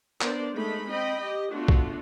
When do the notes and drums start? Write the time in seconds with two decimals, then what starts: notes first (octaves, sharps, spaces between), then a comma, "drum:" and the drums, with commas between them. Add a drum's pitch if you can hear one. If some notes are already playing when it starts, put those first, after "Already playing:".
0.21 B3 D4 A#4 C5 D5, drum: clap
0.55 G#3 A3 D#4 B5
0.90 C4 D#5 G5 B5
1.21 G4 D#5
1.53 A3 B3 D4 F4 F#4
1.68 drum: kick